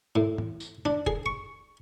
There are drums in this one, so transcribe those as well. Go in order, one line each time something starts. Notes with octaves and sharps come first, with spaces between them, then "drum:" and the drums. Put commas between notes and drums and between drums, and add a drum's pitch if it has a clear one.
A2
drum: tom
drum: tambourine
D4
G#4, drum: kick F1
C#6